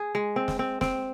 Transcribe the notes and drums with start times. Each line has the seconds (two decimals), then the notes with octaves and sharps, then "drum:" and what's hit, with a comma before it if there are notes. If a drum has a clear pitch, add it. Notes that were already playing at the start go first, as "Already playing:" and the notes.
Already playing: G#4
0.15 G#3
0.36 C4
0.48 drum: snare
0.59 C4
0.81 C4, drum: snare